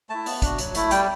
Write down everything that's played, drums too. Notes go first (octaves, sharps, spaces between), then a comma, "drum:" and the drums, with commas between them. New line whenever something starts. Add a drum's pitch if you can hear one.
A3 E4 A5
B3, drum: open hi-hat
D4 F#4, drum: kick, hi-hat
F#3, drum: hi-hat
A3 E4, drum: hi-hat
G3 G5, drum: hi-hat